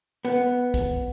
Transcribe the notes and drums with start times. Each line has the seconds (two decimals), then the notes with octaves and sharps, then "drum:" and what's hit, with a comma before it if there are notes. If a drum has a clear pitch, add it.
0.25 B3, drum: hi-hat
0.74 drum: kick, hi-hat